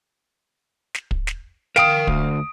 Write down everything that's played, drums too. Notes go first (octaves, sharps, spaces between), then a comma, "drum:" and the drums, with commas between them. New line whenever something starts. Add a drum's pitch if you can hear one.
drum: snare
drum: kick
drum: snare
A#4 F5 G5 D#6 D7, drum: snare
D2, drum: kick